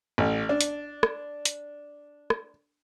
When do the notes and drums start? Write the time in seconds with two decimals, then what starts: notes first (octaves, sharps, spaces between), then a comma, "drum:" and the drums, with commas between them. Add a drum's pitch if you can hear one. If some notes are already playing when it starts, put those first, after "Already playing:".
0.18 A1
0.49 D4
0.61 drum: hi-hat
1.03 drum: rim click
1.45 drum: hi-hat
2.30 drum: rim click